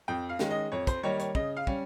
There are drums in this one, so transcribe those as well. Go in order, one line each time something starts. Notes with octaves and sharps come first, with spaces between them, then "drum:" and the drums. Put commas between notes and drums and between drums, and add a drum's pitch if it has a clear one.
F2 G5
F5
D#3 G#3 C#4, drum: snare
D#5
F2 C#5
C5, drum: kick, hi-hat
D#3 G3 A#3 D#4 C#5
C#5, drum: hi-hat
C#3 D#5, drum: kick
F5
G3 C#4, drum: kick